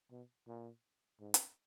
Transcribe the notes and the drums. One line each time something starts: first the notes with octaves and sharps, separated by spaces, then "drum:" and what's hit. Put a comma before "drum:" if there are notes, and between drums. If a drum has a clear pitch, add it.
B2
A#2
G#2
drum: hi-hat